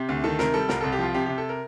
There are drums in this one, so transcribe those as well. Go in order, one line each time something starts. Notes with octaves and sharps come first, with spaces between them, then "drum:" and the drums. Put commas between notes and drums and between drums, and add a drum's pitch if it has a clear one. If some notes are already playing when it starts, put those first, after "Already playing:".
Already playing: C3 G4
D2
D#3 A4
C3 A#4, drum: snare
G3 A4
C2 A#4, drum: snare
C2 A4
G4
F3 F4
C3 G4
C3 G4
A4
A#4